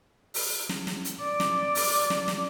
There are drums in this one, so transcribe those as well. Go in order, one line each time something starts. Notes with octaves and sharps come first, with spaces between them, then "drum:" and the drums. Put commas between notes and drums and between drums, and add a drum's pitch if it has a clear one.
drum: open hi-hat
drum: snare
drum: snare
drum: hi-hat
D5
drum: snare
drum: open hi-hat
drum: snare
drum: snare